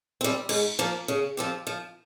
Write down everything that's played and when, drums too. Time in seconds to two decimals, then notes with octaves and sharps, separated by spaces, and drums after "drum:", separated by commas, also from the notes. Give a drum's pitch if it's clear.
0.21 G3 C4
0.49 G#2, drum: cymbal
0.79 F3 A#3
1.08 C#3
1.37 F3 C4 G4
1.67 F3